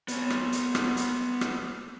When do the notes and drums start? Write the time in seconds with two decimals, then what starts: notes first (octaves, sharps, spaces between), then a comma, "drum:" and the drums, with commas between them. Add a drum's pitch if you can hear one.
0.08 B3 C#5, drum: hi-hat
0.30 drum: rim click
0.53 drum: hi-hat
0.75 drum: rim click
0.97 drum: hi-hat
1.41 drum: rim click